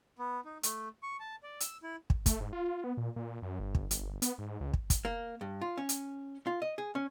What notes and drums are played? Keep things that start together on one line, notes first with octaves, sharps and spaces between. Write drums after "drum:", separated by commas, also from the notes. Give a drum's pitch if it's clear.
B3
D#4
A3, drum: hi-hat
C#6
A5
D5
E6, drum: hi-hat
E4
drum: kick
A3, drum: kick, hi-hat
G#2
F4
B3
A#2
A#2
F#2
G1
drum: kick
G1, drum: hi-hat
B3, drum: hi-hat
G#2
C#2
drum: kick
drum: kick, hi-hat
A#3
G2
F4
C#4
drum: hi-hat
F4
D#5
G#4
C#4